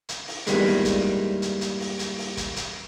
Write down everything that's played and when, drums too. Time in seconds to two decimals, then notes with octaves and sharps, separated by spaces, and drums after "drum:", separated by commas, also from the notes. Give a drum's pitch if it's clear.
0.09 drum: hi-hat
0.28 drum: open hi-hat
0.47 E2 G2 A#2 D#3 G#3, drum: hi-hat
0.66 drum: open hi-hat
0.85 drum: kick, hi-hat
1.42 drum: hi-hat
1.61 drum: hi-hat
1.80 drum: open hi-hat
1.99 drum: hi-hat
2.18 drum: open hi-hat
2.37 drum: kick, hi-hat
2.56 drum: hi-hat